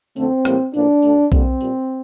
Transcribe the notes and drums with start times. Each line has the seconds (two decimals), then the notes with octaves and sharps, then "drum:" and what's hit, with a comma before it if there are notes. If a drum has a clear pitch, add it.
0.16 F2 D3 A3 C4, drum: tambourine
0.45 A2 E3 G3 A#3, drum: rim click
0.74 A2 F3 A#3 D4, drum: tambourine
1.02 D2 D3 A3, drum: tambourine
1.32 F2 D3 G3 A#3 C4, drum: kick B1, tambourine
1.61 A#2 G3 A#3, drum: tambourine